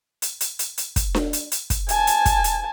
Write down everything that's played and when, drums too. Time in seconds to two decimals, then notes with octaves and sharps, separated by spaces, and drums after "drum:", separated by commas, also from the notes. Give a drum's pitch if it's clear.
0.22 drum: hi-hat
0.40 drum: hi-hat
0.59 drum: hi-hat
0.78 drum: hi-hat
0.96 drum: kick, hi-hat
1.15 drum: snare D4
1.33 drum: hi-hat
1.52 drum: hi-hat
1.70 drum: kick, hi-hat
1.89 G#5 A5, drum: hi-hat
2.07 drum: hi-hat
2.26 drum: kick, hi-hat
2.44 drum: hi-hat